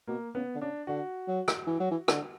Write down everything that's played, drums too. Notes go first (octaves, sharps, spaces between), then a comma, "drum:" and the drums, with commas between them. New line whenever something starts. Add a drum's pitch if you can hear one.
B2 A#3
C#3 B3
D3
C#3 D4
D3 F#4
F#3
drum: rim click
E3
F#3
E3
D3, drum: rim click